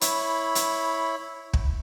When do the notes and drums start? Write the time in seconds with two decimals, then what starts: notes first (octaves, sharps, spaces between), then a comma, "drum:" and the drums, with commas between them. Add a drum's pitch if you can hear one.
0.01 E4 C#5 B5, drum: hi-hat
0.55 drum: hi-hat
1.53 drum: kick